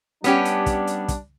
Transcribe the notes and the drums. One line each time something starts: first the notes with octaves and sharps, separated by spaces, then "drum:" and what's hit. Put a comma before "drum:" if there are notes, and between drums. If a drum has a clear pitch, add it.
G3 B3 C#4 D4 G4, drum: hi-hat
drum: hi-hat
drum: kick, hi-hat
drum: hi-hat
drum: kick, hi-hat